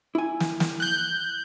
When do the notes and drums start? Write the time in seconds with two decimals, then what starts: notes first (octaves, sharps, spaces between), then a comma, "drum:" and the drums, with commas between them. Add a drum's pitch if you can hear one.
0.15 E4 G#5
0.40 drum: snare
0.60 drum: snare
0.80 F#6 G6